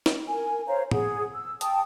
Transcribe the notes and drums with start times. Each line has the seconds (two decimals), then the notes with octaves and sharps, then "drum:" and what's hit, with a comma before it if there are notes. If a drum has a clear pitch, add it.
0.06 drum: snare
0.28 A#4 G#5
0.68 C5 C#5 F5 A#5
0.91 G#4 F#5, drum: tom
1.33 E6
1.61 G5 A5 D#6, drum: hi-hat